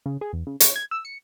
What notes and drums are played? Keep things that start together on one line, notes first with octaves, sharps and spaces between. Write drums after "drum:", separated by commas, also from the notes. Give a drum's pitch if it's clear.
C#3
G#4
E2
C#3
C#5, drum: hi-hat
G#6
E6
C#7